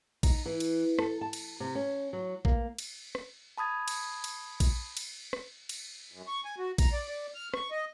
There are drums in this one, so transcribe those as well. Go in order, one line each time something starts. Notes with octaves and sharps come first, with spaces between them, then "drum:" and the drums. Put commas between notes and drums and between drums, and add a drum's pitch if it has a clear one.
D#4, drum: kick A#1, cymbal
E3
drum: cymbal
A4, drum: rim click
A5
drum: cymbal
C3
C#4
F#3
A#3, drum: kick A#1
drum: cymbal
drum: rim click
A5 B5 D#6 G#6 A6
drum: cymbal
drum: cymbal
drum: kick A#1, cymbal
drum: cymbal
drum: rim click
drum: cymbal
F#2
C#6
G#5
F#4
A#5, drum: kick A#1, cymbal
D5
D5
F6
C#6, drum: rim click
D#5